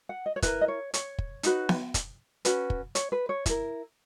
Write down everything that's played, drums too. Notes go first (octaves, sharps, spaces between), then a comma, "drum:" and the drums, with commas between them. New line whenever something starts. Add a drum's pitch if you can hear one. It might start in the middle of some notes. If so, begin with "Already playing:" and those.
F#5
D#5
C#5
E4 A#4 B4, drum: kick, hi-hat
D#5
C#5
C#5, drum: hi-hat
drum: kick
D#4 F#4 B4, drum: hi-hat
drum: snare B3
drum: kick, hi-hat
C#4 F#4 B4, drum: hi-hat
drum: kick
C#5, drum: hi-hat
B4
C#5
E4 A#4, drum: kick, hi-hat